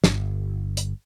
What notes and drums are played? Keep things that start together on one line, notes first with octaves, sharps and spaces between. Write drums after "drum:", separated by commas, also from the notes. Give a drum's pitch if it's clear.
G1, drum: snare
drum: hi-hat